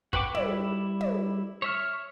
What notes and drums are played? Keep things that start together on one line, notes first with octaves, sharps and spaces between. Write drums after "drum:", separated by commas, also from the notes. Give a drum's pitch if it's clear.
F#4 B4 F#5 G5 D6, drum: kick
G3 E4, drum: tom
drum: tom
C#5 E5 F6